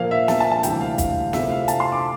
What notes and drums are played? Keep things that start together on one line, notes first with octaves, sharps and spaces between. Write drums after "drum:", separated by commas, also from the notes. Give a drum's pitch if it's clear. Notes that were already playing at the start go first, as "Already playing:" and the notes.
Already playing: A#2 F3 A#3 F5
E5
A5, drum: snare
A5
A5
D2 C3 E3 G3 G5, drum: hi-hat
F5
F5, drum: kick, hi-hat
F2 C3 F3 A3 E4 E5, drum: snare
F5
A5, drum: hi-hat
C6
D6